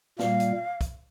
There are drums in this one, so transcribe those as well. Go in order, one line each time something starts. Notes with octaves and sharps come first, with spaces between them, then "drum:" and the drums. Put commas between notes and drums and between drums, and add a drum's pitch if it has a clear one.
A#2 G3 A#3 F5, drum: snare
drum: hi-hat
drum: kick, hi-hat